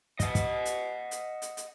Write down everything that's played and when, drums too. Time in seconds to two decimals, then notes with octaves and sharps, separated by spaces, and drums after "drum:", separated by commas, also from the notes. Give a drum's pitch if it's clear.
0.20 D#5 F#5, drum: kick, hi-hat
0.35 drum: kick, hi-hat
0.65 drum: hi-hat
1.11 drum: hi-hat
1.42 drum: hi-hat
1.57 drum: hi-hat